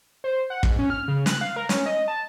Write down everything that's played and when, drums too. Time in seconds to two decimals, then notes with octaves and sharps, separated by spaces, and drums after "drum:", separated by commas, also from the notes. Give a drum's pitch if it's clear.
0.24 C5
0.50 F#5
0.63 G#2, drum: kick
0.79 C#4
0.90 F6
1.08 C#3
1.26 F#6, drum: snare
1.41 F5
1.56 A#4
1.69 C#4, drum: snare
1.86 D#5
2.08 A5